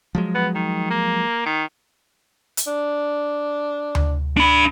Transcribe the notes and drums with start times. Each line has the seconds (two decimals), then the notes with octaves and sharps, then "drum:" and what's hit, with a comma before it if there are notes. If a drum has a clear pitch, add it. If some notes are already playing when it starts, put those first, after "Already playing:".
0.15 F3 F#3 G#3
0.34 B3
0.55 D#3
0.90 A#3
1.46 D#3
2.57 drum: hi-hat
2.67 D4
3.95 drum: tom D2
4.37 D4 B5